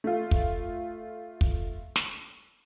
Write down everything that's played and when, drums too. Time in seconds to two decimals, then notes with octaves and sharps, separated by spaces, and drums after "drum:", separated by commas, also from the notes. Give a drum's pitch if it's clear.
0.04 A3 F4
0.31 drum: kick
1.41 drum: kick
1.96 drum: snare